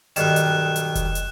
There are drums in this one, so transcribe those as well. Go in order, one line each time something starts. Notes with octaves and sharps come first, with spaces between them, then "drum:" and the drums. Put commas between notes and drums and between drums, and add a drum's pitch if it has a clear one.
B1 G2 D#3 F#6 E7, drum: hi-hat
drum: hi-hat
drum: hi-hat
drum: kick F1, hi-hat
drum: hi-hat